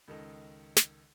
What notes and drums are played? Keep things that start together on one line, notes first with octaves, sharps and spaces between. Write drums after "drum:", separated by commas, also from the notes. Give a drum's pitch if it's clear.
C#2 D#3 A4 D#5
drum: snare